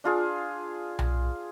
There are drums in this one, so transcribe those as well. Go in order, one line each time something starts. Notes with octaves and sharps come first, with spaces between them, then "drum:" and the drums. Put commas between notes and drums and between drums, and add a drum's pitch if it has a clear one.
D4 F4 G#4
drum: tom B1